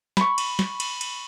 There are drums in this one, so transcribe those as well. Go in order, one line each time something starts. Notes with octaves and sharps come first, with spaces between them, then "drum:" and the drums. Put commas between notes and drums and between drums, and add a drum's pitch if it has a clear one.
B5 C#6, drum: snare
drum: cymbal
drum: snare
drum: cymbal
drum: cymbal